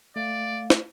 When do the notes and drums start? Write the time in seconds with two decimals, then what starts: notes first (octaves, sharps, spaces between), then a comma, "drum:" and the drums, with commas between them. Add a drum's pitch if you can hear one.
0.16 A3 D5 F5
0.70 drum: snare